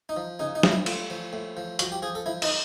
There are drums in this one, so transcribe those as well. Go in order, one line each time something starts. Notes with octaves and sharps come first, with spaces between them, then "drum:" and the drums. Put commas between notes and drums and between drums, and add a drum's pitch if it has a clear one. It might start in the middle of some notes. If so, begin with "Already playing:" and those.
D#4
F3
C#3 D#4
D#4
F3, drum: snare
E4
A2 F4, drum: cymbal
F3
A2
F3
F3 F#4, drum: hi-hat
G4
F3 G#4
A4
F3 E4
D#4, drum: cymbal